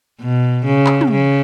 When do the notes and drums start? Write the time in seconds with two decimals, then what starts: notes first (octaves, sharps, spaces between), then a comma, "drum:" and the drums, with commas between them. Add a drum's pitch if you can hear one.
0.21 B2
0.65 C#3
0.86 drum: clap
1.01 drum: tom
1.11 C#3